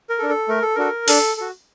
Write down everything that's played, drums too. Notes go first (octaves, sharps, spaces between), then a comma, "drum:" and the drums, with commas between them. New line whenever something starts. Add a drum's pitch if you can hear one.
A#4
A4
D4
A4
A3 A#4
A4
D4 F#4 A4 A#4
D4 A4, drum: open hi-hat
F#4 A4